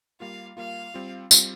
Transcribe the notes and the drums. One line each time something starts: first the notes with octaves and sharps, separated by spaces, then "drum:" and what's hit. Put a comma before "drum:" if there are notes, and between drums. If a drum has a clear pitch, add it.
G3 A#3 F4 F5
G3 A#3 F4 F5
G3 C4 F4
G3 C4 F4, drum: tambourine